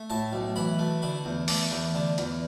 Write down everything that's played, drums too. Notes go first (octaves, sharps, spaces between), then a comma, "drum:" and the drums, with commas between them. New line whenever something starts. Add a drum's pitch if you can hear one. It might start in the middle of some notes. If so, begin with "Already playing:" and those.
Already playing: A3
A2 A5
B1
E3 B5
A3
D3 B5
E2
A3 D6, drum: open hi-hat
E2
D3
E2, drum: hi-hat